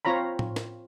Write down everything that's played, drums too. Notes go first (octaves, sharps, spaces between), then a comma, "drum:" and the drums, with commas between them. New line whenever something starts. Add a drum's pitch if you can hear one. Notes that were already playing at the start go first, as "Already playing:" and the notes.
C4 F4 C#5 A#5 B5
drum: tom A2
drum: snare